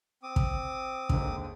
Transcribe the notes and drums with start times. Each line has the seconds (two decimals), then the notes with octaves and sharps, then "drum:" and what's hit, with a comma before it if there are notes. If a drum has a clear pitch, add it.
0.23 C4 D6 D#6
0.36 drum: kick
1.09 D#2 G#2 D3, drum: kick